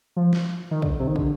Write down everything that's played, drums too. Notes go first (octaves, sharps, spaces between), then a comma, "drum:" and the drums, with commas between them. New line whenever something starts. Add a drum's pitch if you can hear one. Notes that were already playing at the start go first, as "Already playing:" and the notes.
F3
drum: snare
D#3
D3, drum: kick
C3
D#3
D3, drum: kick